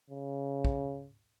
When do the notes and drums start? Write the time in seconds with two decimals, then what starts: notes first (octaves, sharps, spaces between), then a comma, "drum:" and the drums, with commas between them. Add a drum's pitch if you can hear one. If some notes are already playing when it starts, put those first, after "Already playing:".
0.11 C#3
0.65 drum: kick